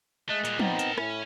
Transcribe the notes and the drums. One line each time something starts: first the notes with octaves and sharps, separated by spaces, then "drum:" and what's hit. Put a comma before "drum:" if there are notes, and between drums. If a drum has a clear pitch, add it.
G#3 A3 D#5 F#6
A#2 G3, drum: hi-hat
B3 C4 D#4, drum: tom
A#4 A5, drum: hi-hat
A2 C#4 E4, drum: rim click